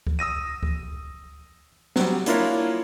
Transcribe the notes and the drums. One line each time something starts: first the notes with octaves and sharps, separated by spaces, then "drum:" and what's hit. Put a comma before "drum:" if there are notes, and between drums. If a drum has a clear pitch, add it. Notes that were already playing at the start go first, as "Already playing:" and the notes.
drum: kick C#2
D#6 E6 A#6 D#7
drum: kick C#2
F#3 G3, drum: snare
A#3 D4 E4 F4 A#4 C#5, drum: hi-hat